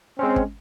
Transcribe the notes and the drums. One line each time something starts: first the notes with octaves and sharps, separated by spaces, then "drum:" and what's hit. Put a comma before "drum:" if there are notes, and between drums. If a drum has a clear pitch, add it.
G#3 C4 C#4
drum: kick